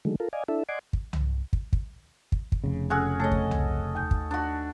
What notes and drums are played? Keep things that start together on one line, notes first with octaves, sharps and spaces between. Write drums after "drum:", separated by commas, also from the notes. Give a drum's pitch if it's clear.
D3 D#3 F#3 G#3 A3
F4 A4 A#4
D5 D#5 F5 G#5
D4 E4 A4 E5
D5 D#5 F#5 G#5 C6 D6
drum: kick
drum: tom C2
drum: kick
drum: kick
drum: kick
drum: kick
F1 C#3
C#4 F#4 G#4 A4 E6 F#6
A3 A4 C#5 D#5
drum: kick
drum: tom C2
D#2 G#5 G6
drum: kick
D4 F#4